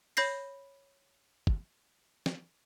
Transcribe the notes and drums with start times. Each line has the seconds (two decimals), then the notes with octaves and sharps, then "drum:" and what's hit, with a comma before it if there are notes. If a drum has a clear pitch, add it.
0.17 C#5 B5 G6 A#6 C7, drum: open hi-hat
1.47 drum: kick
2.26 drum: snare